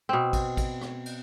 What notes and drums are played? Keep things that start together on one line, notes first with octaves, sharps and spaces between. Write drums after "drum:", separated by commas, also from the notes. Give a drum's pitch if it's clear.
B2 C4
drum: kick, cymbal
drum: kick, cymbal
drum: rim click
drum: cymbal